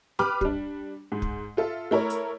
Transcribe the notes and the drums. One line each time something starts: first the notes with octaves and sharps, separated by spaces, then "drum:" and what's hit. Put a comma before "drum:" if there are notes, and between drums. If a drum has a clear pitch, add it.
G4 B4 B5 D6 F6, drum: snare
G3 D4, drum: kick
G#2
drum: kick
F4 A4 E5
A3 E4 A#4 C#5
drum: hi-hat